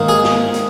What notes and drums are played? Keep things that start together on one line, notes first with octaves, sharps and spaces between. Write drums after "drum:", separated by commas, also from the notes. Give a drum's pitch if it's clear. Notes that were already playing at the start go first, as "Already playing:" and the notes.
Already playing: G#2 D#3 A#3
G#4
drum: snare
drum: hi-hat